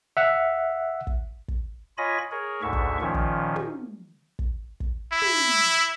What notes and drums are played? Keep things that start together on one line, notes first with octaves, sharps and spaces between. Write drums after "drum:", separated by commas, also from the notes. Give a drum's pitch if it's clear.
E5 F#5
drum: kick
drum: kick
F4 C#5 D#5 G#5 B5 A#6
G#4 A#4 C#5
D2 G#2 E5 C#6
drum: kick
A#2 D#3 F3 C#4
drum: kick
drum: tom
drum: kick
drum: kick
E4
drum: tom